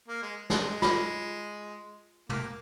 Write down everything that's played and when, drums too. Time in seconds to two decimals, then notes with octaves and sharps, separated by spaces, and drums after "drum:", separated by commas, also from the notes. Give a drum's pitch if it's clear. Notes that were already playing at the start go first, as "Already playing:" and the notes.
0.08 A#3
0.23 G#3
0.50 G#3, drum: snare
0.82 F4, drum: snare
2.29 A#3, drum: tom